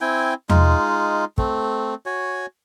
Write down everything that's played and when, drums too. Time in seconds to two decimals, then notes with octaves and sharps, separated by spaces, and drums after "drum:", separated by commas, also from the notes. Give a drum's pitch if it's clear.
0.01 C4 E4 G5 G#5
0.50 G#3 D#4 F4, drum: tom E2
1.38 A3 C4, drum: kick
2.06 F#4 C#5 G#5